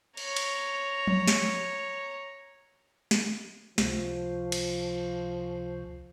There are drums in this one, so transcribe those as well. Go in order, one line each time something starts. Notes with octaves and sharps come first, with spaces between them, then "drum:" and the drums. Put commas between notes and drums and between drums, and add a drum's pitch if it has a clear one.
C#5 A#5, drum: cymbal
drum: cymbal
drum: tom F3
drum: snare
drum: snare
C#2 C3 F3, drum: snare
drum: cymbal